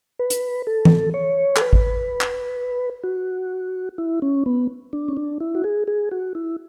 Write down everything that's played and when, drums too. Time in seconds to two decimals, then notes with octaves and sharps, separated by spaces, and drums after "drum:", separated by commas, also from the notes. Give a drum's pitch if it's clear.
0.19 B4
0.30 drum: hi-hat
0.67 A4
0.85 drum: tom E3
1.14 C#5
1.56 A4, drum: clap
1.62 B4
1.73 drum: kick A1
2.21 drum: clap
3.04 F#4
3.98 E4
4.22 C#4
4.46 B3
4.93 D4
5.08 C#4
5.17 D4
5.41 E4
5.55 F#4
5.64 G#4
5.88 G#4
6.12 F#4
6.35 E4